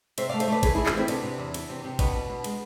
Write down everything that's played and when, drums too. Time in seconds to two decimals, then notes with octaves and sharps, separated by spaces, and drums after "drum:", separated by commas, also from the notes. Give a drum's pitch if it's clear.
0.18 C3 C5 E5, drum: cymbal
0.29 A3 D5 F5
0.40 C5 E5, drum: cymbal
0.48 A3 B4 D5
0.63 E3 G#4 B4, drum: kick, cymbal
0.75 E3 E4 G#4
0.86 D4 F4, drum: clap
0.93 A3 C4 E4
1.08 C3 B3 D4, drum: cymbal
1.24 C3
1.38 E2
1.54 E3, drum: cymbal
1.69 C3
1.84 C3
1.99 B2 B3 D4, drum: kick, cymbal
2.15 B2
2.30 B2
2.44 G#3, drum: cymbal